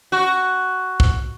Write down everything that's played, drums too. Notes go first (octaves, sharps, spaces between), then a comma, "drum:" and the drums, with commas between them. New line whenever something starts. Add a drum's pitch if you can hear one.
F#4
drum: kick